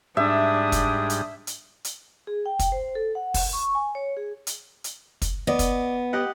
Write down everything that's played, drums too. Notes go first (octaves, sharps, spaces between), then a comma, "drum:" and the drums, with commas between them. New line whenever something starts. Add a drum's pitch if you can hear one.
G#2 G3 D4 E5 D#6
drum: kick, hi-hat
drum: hi-hat
drum: hi-hat
drum: hi-hat
G#4
G5
drum: kick, hi-hat
C5
A4
F#5
drum: kick, open hi-hat
C#6
G#5
C#5
G#4
drum: hi-hat
drum: hi-hat
drum: kick, hi-hat
B3 D5 D#5
drum: kick, hi-hat
G4 D#5 F#5